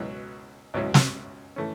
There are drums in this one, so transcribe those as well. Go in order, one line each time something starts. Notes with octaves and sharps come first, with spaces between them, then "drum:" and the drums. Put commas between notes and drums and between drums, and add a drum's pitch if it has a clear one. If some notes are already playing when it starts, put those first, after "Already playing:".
Already playing: C#2 B2 F#3 C#4 E4
C#2 B2 F#3 C#4 E4
drum: snare
E3 A3 C#4